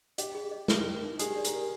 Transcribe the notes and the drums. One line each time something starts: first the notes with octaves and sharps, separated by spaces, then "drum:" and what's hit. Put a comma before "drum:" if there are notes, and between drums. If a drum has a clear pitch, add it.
G4 D#5, drum: hi-hat
G#4
D#5
A#4, drum: snare
A#4
D#4
G4 G#4, drum: hi-hat
D5
A#4, drum: hi-hat
G4